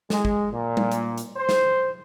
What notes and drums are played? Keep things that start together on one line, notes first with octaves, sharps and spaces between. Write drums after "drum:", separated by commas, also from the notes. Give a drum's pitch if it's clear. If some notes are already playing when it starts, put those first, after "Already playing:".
G#3, drum: snare
drum: kick
A#2
drum: tom G3
drum: hi-hat
drum: hi-hat
C5
drum: snare